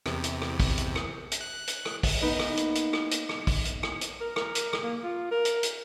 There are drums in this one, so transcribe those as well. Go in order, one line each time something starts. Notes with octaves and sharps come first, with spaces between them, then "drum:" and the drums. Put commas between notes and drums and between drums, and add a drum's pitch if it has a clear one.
E2 C3, drum: rim click
drum: hi-hat
drum: rim click
drum: kick, open hi-hat
drum: hi-hat
drum: rim click
drum: hi-hat
F#6
drum: hi-hat
drum: rim click
drum: kick, open hi-hat
A#3 B3 D#4 B4 D#5
drum: rim click
drum: hi-hat
drum: hi-hat
drum: rim click
drum: hi-hat
drum: rim click
drum: kick, open hi-hat
drum: hi-hat
drum: rim click
drum: hi-hat
A#4
A#4, drum: rim click
drum: hi-hat
drum: rim click
A#3
F4
A#4
drum: hi-hat
drum: hi-hat